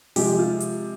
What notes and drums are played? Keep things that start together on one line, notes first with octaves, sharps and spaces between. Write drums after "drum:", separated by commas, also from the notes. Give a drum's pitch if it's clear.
C3 F3 G#3 G4, drum: open hi-hat
F4
drum: hi-hat